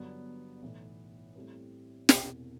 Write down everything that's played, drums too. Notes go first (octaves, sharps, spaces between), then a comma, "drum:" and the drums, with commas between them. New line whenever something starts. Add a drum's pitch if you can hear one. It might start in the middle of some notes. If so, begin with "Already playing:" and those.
Already playing: G1 G2 F#3 B3 D4
B1 A2 E3 B3
A2 G3 C4
E1 E2 C3, drum: snare